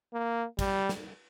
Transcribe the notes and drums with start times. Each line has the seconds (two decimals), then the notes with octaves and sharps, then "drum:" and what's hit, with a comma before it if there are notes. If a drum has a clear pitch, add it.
0.13 A#3
0.59 G3, drum: kick, cymbal
0.89 drum: snare